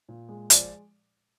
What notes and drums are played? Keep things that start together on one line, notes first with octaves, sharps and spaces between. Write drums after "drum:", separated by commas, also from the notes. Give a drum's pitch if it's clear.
A#2
G#3
F3 D5, drum: hi-hat